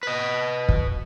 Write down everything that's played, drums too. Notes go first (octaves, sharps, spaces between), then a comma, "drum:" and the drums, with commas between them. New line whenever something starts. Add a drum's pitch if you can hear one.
B4 D#5
drum: kick